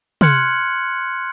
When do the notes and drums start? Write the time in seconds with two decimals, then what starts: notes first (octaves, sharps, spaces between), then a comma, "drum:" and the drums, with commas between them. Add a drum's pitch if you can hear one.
0.21 C6 F6 F#6 G#6 C#7 F#7, drum: tom